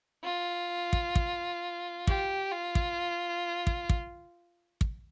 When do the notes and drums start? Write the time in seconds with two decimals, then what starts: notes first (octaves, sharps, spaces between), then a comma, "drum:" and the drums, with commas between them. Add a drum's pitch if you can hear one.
0.24 F4
0.93 drum: kick
1.15 drum: kick
2.07 G4, drum: kick
2.52 F4
2.75 drum: kick
3.67 drum: kick
3.89 drum: kick
4.81 drum: kick